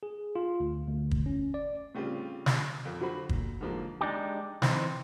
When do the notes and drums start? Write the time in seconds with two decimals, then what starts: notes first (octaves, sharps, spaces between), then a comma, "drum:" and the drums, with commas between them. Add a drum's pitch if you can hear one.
0.03 G#4
0.35 F4
0.60 D2
0.88 D2
1.11 drum: kick
1.26 C#4
1.54 D5
1.95 A2 C#3 G3 C4 F4
2.46 drum: snare
2.85 F2 F3
3.00 D3 F#3 F4 F#4 C5 B5
3.29 A#2, drum: kick
3.61 G#2 D3 F3 F#3 A#3
4.01 G#3 D4 D#4 G4
4.62 E3 C4 D#4 C5, drum: snare